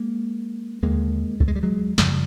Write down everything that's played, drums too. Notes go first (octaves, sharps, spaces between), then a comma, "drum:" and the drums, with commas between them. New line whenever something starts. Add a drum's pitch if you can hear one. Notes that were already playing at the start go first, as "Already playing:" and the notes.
Already playing: G#3 A#3
D#2 D3 G#3 A#3
A3, drum: kick C#2
G#3
G3
F#3 G#3
F#2 C#3 F3 G3, drum: snare